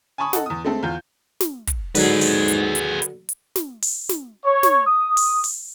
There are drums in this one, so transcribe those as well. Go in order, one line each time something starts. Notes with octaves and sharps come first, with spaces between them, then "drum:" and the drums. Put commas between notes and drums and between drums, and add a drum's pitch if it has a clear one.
G#5 A5 B5 C#6 D#6
A4 D#5 F#5, drum: snare
E2 D#6
G#3 A3 C4 A4
E2 F4 G6
drum: snare
drum: kick, hi-hat
G#2 D3 F#3 G#4 B4, drum: open hi-hat
drum: open hi-hat
drum: hi-hat
drum: hi-hat
drum: hi-hat
drum: hi-hat
drum: snare
drum: open hi-hat
drum: snare
C#5
drum: snare
D#6
drum: open hi-hat
drum: open hi-hat